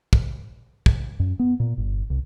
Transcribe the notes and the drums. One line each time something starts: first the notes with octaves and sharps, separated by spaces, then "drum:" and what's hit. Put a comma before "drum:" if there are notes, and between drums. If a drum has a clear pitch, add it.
drum: kick
drum: kick
F#2
B3
A#2
G1
C2